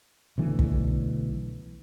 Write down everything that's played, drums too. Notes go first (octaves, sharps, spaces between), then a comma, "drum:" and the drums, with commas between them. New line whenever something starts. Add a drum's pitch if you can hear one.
B1 D3 E3 A3
drum: kick